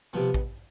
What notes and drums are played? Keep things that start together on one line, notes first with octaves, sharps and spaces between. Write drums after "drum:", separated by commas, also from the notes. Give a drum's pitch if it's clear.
C3 F3 B3
drum: kick A1